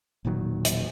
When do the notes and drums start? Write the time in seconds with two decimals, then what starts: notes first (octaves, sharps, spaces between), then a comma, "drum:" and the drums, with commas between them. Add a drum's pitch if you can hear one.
0.25 E1 A#2 D#3 F#3
0.65 drum: hi-hat